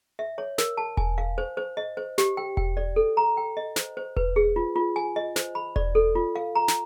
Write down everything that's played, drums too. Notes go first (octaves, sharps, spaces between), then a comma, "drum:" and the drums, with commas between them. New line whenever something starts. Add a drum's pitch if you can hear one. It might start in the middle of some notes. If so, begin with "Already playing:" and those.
E5
C#5
A#4, drum: snare
A5
G#5, drum: kick E1
F5
C5
C5
D#5
C5
G4, drum: snare
G5
G5, drum: kick E1
D5
A4
A#5
G5
D#5
C5, drum: snare
C5
B4, drum: kick E1
G#4
F4
F4
G#5
D#5
C5, drum: snare
B5
D5, drum: kick E1
A4
F4
F5
A#5
drum: snare